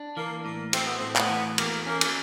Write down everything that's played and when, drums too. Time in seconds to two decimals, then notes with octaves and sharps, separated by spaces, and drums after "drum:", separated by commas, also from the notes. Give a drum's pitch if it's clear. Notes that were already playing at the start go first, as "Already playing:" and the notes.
Already playing: D4
0.16 E3 A#3
0.44 A2 A#3
0.73 A3 C4, drum: cymbal
0.87 B3
0.99 A2 C4
1.16 B3, drum: clap
1.30 E3
1.58 E2 A#3, drum: cymbal
1.86 A#3 C#4
2.01 drum: cymbal